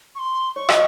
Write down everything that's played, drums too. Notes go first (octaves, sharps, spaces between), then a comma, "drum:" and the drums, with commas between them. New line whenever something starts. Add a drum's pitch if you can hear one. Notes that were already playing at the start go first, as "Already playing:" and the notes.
C#6
C6
C#5 C#6
D#5, drum: rim click